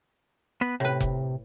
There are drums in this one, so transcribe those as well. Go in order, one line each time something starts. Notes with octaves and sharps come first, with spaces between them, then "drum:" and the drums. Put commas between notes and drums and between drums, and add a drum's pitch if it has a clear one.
B3 B4
A2 C3 B4
drum: kick F1